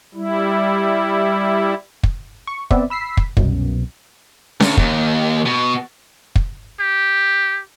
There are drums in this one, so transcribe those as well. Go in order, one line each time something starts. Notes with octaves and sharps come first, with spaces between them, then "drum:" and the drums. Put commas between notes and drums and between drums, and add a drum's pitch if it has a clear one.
G3 E4
drum: kick
C#6
B3 C4 D5 E5, drum: kick
B5 E6 B6 C7
drum: kick
C2 F#2 B2, drum: kick
D2, drum: snare C#4
D#2, drum: kick
B2
drum: kick
G4